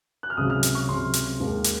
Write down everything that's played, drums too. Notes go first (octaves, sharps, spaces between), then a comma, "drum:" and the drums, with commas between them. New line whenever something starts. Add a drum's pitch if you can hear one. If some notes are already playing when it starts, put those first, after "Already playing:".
F#6
F6
C#2 C3 F#3 D#6
F6
drum: hi-hat
C#6
C#2 C3 F#3 C6
drum: hi-hat
D#2 D#3 G#3
drum: hi-hat